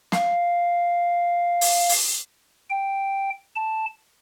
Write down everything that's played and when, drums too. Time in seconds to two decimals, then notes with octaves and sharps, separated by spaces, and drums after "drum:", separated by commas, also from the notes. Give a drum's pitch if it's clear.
0.12 F5, drum: snare
1.61 drum: open hi-hat
1.89 drum: open hi-hat
2.70 G5
3.55 A5